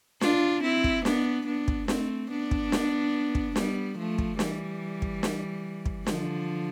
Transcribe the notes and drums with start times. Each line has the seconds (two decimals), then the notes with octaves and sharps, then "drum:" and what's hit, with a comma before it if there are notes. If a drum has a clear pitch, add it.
0.21 D4 F4, drum: snare
0.63 C4 E4
0.84 drum: kick
1.05 B3 D4, drum: snare
1.46 B3 D4
1.68 drum: kick
1.88 A3 C4, drum: snare
2.31 B3 D4
2.51 drum: kick
2.72 drum: snare
3.35 drum: kick
3.56 G3 B3, drum: snare
3.98 F3 A3
4.18 drum: kick
4.39 E3 G3, drum: snare
5.02 drum: kick
5.23 drum: snare
5.86 drum: kick
6.06 D3 F3, drum: snare